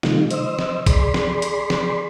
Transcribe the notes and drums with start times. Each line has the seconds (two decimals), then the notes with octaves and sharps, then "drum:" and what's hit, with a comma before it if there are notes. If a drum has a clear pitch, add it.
0.03 C3 D#3 G3 A3 D#4 F4, drum: snare
0.30 C5 D#5 E6, drum: hi-hat
0.59 drum: snare
0.86 G#4 D5 B5 C6, drum: kick A#1, hi-hat
1.14 drum: snare
1.42 drum: hi-hat
1.70 drum: snare